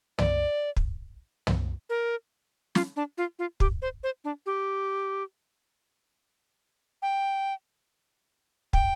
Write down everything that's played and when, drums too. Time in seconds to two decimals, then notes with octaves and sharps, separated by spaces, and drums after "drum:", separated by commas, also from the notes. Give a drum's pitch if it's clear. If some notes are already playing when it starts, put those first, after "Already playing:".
0.18 D5, drum: tom
0.77 drum: kick
1.47 drum: tom
1.90 A#4
2.75 F4, drum: snare
2.96 D4
3.18 F4
3.39 F4
3.60 G4, drum: kick
3.82 C5
4.03 C5
4.24 D4
4.46 G4
7.02 G5
8.73 G5, drum: kick